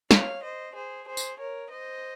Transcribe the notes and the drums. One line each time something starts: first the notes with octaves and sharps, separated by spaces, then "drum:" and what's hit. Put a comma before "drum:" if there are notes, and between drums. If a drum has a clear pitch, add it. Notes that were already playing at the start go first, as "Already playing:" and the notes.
C#5 F5, drum: snare
C5 D#5
G#4 C5
G#4 C5
drum: tambourine
A#4 C#5
C5 D#5